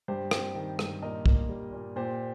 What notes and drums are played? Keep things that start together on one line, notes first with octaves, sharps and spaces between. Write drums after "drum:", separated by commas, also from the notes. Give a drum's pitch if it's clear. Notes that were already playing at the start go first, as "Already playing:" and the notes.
G2 G4 C5
C4, drum: rim click
D#3
G2, drum: rim click
A#2 A#4 D#5
A#3, drum: kick
G3
A#2
A#2 G4 C5